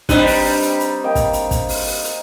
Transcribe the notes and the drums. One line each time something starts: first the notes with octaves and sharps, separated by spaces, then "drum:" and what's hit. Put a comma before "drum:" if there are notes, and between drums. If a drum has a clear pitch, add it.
G3 C4 D4 D#4 B4, drum: kick, hi-hat
drum: open hi-hat
drum: open hi-hat
drum: hi-hat
drum: hi-hat
A#3 D#5 G5
drum: kick, hi-hat
drum: hi-hat
drum: kick, hi-hat
drum: open hi-hat
drum: open hi-hat
drum: hi-hat